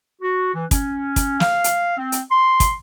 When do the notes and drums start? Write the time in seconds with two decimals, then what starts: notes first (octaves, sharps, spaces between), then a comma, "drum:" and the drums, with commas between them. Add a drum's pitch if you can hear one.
0.22 F#4
0.54 E3
0.71 C#4, drum: kick, hi-hat
1.16 drum: kick, hi-hat
1.40 F5, drum: snare
1.64 drum: hi-hat
1.97 C4
2.12 drum: hi-hat
2.30 C6
2.60 drum: kick, hi-hat